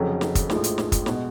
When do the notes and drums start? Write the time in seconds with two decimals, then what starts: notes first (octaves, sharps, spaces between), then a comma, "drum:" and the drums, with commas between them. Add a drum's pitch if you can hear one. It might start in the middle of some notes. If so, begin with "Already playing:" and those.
Already playing: F1 F2 C#3 F#3
0.21 drum: snare
0.35 drum: kick, hi-hat
0.50 A#1 A2 F3 G#3, drum: snare
0.64 drum: hi-hat
0.78 drum: snare
0.92 drum: kick, hi-hat
1.06 B2 G#3, drum: snare